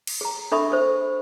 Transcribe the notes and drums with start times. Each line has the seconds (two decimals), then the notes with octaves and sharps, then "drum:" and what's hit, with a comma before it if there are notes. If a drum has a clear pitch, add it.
0.07 drum: cymbal
0.21 G#4 A#5
0.52 D4 A4 E5 B5 C#6 D#6
0.72 A4 C5